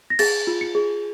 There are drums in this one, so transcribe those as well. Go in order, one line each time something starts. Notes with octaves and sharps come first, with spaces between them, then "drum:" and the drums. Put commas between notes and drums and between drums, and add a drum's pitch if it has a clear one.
A#6
G#4 A6, drum: cymbal
F4
C#7
G#4